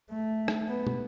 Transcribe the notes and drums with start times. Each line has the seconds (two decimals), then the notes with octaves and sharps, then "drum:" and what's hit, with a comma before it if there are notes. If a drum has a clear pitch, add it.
0.10 A3
0.48 drum: rim click
0.68 B3
0.87 drum: tom